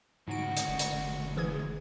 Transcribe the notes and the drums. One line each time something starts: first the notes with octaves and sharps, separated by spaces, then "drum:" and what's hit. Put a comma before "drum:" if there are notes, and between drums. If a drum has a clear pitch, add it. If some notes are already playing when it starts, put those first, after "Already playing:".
D2 G#2 C#3 F#4 D7
drum: hi-hat
F#1
drum: hi-hat
E3 G#4 G#6